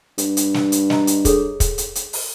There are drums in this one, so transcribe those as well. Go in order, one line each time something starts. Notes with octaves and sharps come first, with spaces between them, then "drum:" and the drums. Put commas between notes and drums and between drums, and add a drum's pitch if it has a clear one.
G2, drum: hi-hat
drum: hi-hat
drum: snare
drum: hi-hat
D#5 A#5, drum: snare
drum: hi-hat
G#4 A4 C#5, drum: kick, hi-hat
drum: kick, hi-hat
drum: hi-hat
drum: hi-hat
drum: open hi-hat